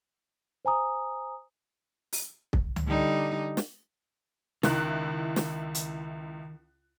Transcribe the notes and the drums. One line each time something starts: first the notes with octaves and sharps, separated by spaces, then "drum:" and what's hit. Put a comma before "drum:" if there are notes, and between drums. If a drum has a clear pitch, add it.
C5 G#5 A#5 D#6
drum: open hi-hat
drum: kick
drum: tom C#2
D3 G3 D#4
drum: snare
C#2 D#3 E4 F#6, drum: snare
drum: snare
drum: hi-hat